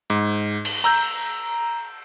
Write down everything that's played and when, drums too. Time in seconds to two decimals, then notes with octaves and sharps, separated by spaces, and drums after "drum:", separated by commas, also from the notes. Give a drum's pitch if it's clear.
0.10 G#2
0.65 drum: cymbal
0.84 A#5 E6 G6